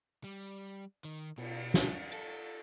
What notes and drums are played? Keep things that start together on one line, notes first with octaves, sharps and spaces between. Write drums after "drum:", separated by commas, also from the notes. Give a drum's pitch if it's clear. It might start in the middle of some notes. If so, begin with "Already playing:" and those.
G3
D#3
B2, drum: cymbal
drum: snare
A4